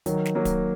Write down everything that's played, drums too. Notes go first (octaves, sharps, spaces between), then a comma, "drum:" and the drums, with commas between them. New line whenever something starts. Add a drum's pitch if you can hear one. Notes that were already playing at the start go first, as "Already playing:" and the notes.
D#3 F#3, drum: hi-hat
drum: snare
F#3 A#3
drum: kick D1, hi-hat